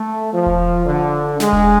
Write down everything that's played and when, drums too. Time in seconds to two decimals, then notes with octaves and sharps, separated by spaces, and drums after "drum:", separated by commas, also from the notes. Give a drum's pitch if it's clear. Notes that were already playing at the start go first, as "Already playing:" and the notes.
Already playing: A3
0.34 F3
0.46 drum: kick E1
0.86 D3
1.40 G#3, drum: snare
1.52 drum: kick E1